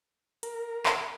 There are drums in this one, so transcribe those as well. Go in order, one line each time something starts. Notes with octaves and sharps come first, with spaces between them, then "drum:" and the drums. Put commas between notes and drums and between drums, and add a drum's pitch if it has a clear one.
A#4, drum: hi-hat
drum: clap